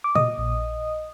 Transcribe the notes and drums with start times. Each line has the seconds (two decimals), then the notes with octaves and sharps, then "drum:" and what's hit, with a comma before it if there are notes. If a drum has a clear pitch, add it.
0.04 D6
0.15 A#2 D#5 D#6, drum: tom
0.38 A#1